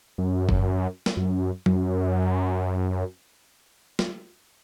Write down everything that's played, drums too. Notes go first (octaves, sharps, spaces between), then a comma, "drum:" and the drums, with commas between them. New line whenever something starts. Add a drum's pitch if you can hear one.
F#2
drum: kick F#1
drum: snare
F#2
F#2, drum: tom
drum: snare